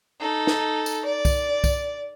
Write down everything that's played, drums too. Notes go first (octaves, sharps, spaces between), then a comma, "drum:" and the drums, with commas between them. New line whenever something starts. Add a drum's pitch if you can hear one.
D#4 A4
drum: snare
drum: tambourine
D5
drum: kick, tambourine
drum: kick, tambourine